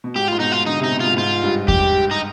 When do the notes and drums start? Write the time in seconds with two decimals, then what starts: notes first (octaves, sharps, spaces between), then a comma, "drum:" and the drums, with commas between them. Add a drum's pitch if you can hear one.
0.04 B2
0.15 G#2 G4
0.28 G#2 F4
0.40 B2 D#4
0.52 F4
0.66 D3 D#4
0.79 C3 D#4
0.92 B2
1.00 G#2 F4
1.17 G#2 F4
1.42 G2
1.68 G4, drum: kick E2
2.11 D#4